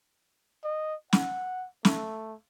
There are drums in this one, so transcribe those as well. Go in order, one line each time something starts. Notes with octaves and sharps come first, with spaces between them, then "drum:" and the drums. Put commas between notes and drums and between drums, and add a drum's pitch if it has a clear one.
D#5
F#5, drum: snare
A3, drum: snare